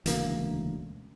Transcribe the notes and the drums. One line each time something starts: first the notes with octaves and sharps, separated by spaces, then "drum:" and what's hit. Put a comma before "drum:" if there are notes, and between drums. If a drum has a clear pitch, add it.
E1 D2 C#3 A#3, drum: hi-hat